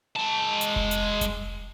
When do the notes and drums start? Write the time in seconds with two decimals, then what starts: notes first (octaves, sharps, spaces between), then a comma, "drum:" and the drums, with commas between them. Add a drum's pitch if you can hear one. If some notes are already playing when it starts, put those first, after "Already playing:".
0.16 G#3 A5
0.61 drum: hi-hat
0.76 drum: kick F1
0.91 drum: hi-hat
1.21 drum: kick F1, hi-hat